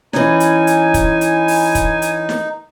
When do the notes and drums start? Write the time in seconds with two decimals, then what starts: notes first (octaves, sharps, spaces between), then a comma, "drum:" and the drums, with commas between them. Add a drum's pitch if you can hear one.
0.13 E3 C#4 D#4 G#5, drum: snare
0.40 drum: hi-hat
0.67 drum: hi-hat
0.94 drum: kick, hi-hat
1.21 drum: hi-hat
1.48 drum: open hi-hat
1.75 drum: kick, hi-hat
2.02 drum: hi-hat
2.29 drum: snare